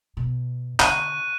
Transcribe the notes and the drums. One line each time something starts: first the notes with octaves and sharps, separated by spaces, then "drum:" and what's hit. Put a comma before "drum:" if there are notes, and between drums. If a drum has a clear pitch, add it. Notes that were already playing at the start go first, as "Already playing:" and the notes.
B2
D3 C#6 F#6 D#7, drum: clap